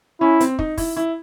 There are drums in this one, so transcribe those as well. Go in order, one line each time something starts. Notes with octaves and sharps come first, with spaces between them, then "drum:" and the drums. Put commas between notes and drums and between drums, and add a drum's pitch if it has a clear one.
C#4 E4
C4, drum: hi-hat
D#4, drum: kick
E4, drum: kick, open hi-hat
E4